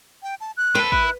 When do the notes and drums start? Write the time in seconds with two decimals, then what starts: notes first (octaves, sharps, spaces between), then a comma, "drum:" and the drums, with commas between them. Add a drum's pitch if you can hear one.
0.23 G5
0.41 A5
0.57 F#6
0.75 C4 A4 B4
0.92 E4 F#6, drum: kick